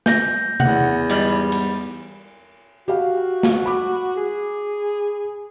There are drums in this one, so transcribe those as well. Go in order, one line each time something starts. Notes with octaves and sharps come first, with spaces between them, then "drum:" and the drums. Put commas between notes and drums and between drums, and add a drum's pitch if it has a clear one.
G6 A#6, drum: snare
E2 F#5, drum: tom C3
G#2 G3, drum: hi-hat
drum: cymbal
F#4 G4 F5
drum: snare
B5 D6
G#4